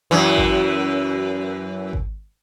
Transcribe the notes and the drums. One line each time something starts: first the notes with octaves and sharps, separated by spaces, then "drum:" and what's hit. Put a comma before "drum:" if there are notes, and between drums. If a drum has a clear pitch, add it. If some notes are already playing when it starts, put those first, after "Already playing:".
F#2 E3
drum: kick G#1
drum: kick G#1